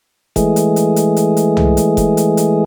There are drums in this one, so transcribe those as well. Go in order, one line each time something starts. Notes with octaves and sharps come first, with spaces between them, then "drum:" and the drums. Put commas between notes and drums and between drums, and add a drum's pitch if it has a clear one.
E3 G#3 A3 G#4, drum: kick F1, hi-hat
drum: hi-hat
drum: hi-hat
drum: hi-hat
drum: hi-hat
drum: hi-hat
drum: tom
drum: hi-hat
drum: kick F1, hi-hat
drum: hi-hat
drum: hi-hat